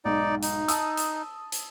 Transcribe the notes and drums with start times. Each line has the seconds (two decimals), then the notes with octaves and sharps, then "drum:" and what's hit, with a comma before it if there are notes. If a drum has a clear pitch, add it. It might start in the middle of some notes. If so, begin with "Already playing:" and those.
0.05 B1 G#2 D#4 D5
0.42 D#4, drum: hi-hat
0.68 A5 D#6 E6, drum: hi-hat
0.97 drum: hi-hat
1.52 drum: hi-hat